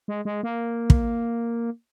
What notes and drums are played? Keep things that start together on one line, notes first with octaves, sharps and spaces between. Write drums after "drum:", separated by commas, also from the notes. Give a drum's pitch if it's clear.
G#3
G#3
A#3
drum: kick